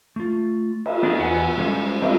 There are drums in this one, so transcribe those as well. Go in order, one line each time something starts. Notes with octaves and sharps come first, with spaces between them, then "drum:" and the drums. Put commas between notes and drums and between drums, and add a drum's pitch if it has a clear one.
A3 F4
drum: cymbal
B3 D4 E4 G#4 D#5 F5
E2 B3 F#5 G#5
G3 G#3 C#4 A4 C5
G3 C4 D4 F#4, drum: cymbal